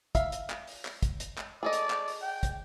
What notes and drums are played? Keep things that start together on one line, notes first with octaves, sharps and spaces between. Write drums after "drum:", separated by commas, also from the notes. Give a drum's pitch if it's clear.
E5 F5, drum: kick, hi-hat
drum: hi-hat
drum: clap
drum: open hi-hat
drum: clap
drum: kick, hi-hat
drum: hi-hat
drum: clap
G#4 A4 D5 D#5
drum: hi-hat
drum: clap
drum: open hi-hat
G5
drum: kick, hi-hat